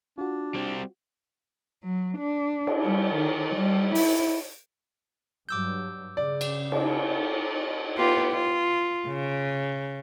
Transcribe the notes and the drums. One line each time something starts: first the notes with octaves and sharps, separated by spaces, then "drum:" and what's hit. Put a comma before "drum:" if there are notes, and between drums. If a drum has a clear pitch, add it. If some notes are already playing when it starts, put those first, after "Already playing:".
D4 F4 F#4
G3 C4
F#3
D4
drum: cymbal
G3
D#3
G3
E4, drum: open hi-hat
G2 F#3 D6 E6 G6
C#3 D5
drum: cymbal
drum: cymbal
B3 F4 G4
F4
C#3